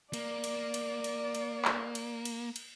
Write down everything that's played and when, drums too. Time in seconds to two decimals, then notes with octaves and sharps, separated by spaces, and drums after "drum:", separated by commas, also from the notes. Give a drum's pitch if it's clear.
0.13 A#3 D5, drum: cymbal
0.44 drum: cymbal
0.74 drum: cymbal
1.04 drum: cymbal
1.35 drum: cymbal
1.65 drum: clap
1.95 drum: cymbal
2.25 drum: cymbal
2.56 drum: cymbal